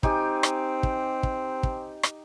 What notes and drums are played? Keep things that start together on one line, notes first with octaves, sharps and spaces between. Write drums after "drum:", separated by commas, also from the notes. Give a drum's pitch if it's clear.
C4 D#4 G4 G#5, drum: kick
drum: rim click
drum: kick
drum: kick
drum: kick
drum: rim click